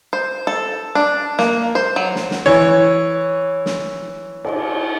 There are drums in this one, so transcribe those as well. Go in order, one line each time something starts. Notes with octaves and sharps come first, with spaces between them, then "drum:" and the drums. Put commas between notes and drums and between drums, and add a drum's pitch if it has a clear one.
C5
A4
D4
A#3, drum: snare
C5
F#3
drum: snare
drum: snare
E3 C#5
drum: snare
drum: cymbal